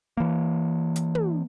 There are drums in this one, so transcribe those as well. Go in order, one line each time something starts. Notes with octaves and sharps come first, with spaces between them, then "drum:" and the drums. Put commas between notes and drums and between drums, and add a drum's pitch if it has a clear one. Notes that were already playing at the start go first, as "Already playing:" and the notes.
E3 A#3
drum: hi-hat
drum: tom